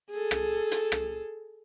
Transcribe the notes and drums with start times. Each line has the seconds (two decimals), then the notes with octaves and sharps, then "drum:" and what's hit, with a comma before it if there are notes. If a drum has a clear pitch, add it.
0.11 G#4 A4
0.31 drum: rim click
0.72 drum: hi-hat
0.92 drum: rim click